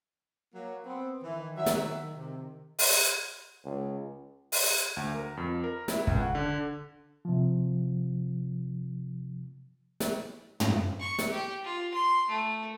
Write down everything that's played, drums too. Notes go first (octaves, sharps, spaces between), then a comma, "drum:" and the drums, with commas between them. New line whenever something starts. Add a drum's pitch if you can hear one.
F#3 A#3
B3 C4
D#3 E3
F#3 E5
drum: snare
C3
drum: open hi-hat
C#2
drum: open hi-hat
D2
A#4
F2
A#4
E4, drum: snare
C#2, drum: kick
F#5
D3
C3 F3
drum: snare
drum: tom
C#6
drum: snare
G4
F4
C6
A3